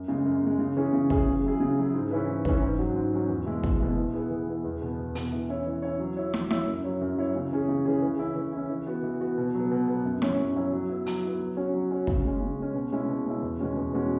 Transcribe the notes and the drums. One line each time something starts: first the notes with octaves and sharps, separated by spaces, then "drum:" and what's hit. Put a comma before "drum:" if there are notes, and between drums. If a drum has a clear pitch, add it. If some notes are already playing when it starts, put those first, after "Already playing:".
Already playing: F#2
C#3 G#3
F#2
C#3 G#3
C#3
E3 C#4 G#4
C#3
E3 C#4 G#4, drum: kick
C#3
F#3 E4 G#4
C#3
F#3 E4 G#4
G#2
E3 C#4 E4 B4
G#2
E3 C#4 E4 B4, drum: kick
G#2
F#3 C#4 F#4
G#2
F#3 C#4 F#4
E2
B2 G#3 E4
E2, drum: kick
B2 G#3 E4
E3
B3 E4 G#4
E3
B3 E4 G#4
E2
B2 B3
E2
B2 B3, drum: hi-hat
E3
C#4 E4 C#5
E3
C#4 E4 C#5
F#3
E4 C#5
F#3, drum: snare
E4 C#5, drum: snare
F#2
F#3 E4 C#5
F#2
F#3 E4 C#5
C#3
E3 C#4 G#4
C#3
E3 C#4 G#4
E3
C#4 E4
E3
C#4 E4
E3
B3 F#4
E3
B3 F#4
B2
F#3 B3
B2
F#3 B3
F#2
F#3 C#4 E4 C#5, drum: snare
F#2
F#3 C#4 E4 C#5
F#3
B3 E4
F#3, drum: hi-hat
B3 E4
F#3
C#4 F#4 C#5
F#3
C#4 F#4 C#5
C#3, drum: kick
G#3 C#4
C#3
G#3 C#4
B2
G#3 C#4 E4
B2
G#3 C#4 E4
E2
B2 G#3 C#4 F#4
E2
B2 G#3 C#4 F#4